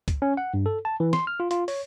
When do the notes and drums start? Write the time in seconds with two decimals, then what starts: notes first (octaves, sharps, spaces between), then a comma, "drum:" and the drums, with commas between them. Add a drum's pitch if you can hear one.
0.08 drum: kick, hi-hat
0.22 C#4
0.37 F#5
0.54 G2
0.66 A4
0.85 A5
1.00 E3
1.13 C6, drum: snare
1.27 F6
1.40 F4
1.51 F4, drum: hi-hat
1.68 C#5, drum: open hi-hat